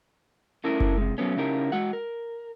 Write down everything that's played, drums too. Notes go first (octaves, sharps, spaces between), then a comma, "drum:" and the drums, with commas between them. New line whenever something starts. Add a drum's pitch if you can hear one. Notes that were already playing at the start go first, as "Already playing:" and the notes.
A3 C#4 D4 E4 A#4
drum: kick F#1
C3 G#3
F#3 A3 B3 C#4
C#3 C#4 D#4 E4 G4 A#4
G#3 F#4 F#5
A#4